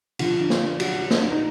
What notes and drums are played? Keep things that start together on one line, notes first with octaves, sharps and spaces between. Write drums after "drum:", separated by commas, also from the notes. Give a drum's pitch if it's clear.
D3 F3 F4, drum: cymbal
D4
drum: snare
D4
F#3, drum: cymbal
F#3
drum: snare
D4
D#4